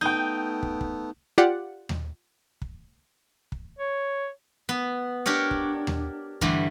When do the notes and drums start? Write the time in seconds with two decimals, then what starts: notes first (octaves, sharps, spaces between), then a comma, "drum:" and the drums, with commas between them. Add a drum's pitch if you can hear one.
0.01 A3 B3 D#4 G5 G6
0.63 drum: kick
0.81 drum: kick
1.38 F4 G4 D5 F#5
1.89 drum: tom D#2
2.62 drum: kick
3.52 drum: kick
3.78 C#5
4.69 B3
5.26 D4 G4 A#4 C#5
5.51 drum: kick
5.87 drum: tom D#2
6.41 G2 D3 E3 G3 A3, drum: kick